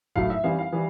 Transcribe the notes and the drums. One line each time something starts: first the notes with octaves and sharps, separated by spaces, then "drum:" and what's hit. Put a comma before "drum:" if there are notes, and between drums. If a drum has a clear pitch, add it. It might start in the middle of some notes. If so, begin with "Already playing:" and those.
A2 F#3 A3 F5, drum: kick E1
E5
E3 G3 C4 F5
F5
E3 G3